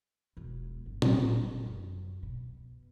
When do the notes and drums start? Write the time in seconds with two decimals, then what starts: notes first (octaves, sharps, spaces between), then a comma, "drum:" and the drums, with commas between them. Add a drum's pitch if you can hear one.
0.37 E1
0.86 G1
1.02 drum: tom A#2
1.65 F#2
2.23 B2